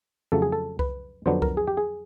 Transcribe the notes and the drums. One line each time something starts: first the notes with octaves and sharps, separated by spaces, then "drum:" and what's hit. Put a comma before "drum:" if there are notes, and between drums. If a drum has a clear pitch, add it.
F2 C#3 F#3 A3 A4
G#4
A4
B4, drum: kick C2
F2 D3 F#3 B3 D4 C5
A#4, drum: kick C2
G#4
G4
G#4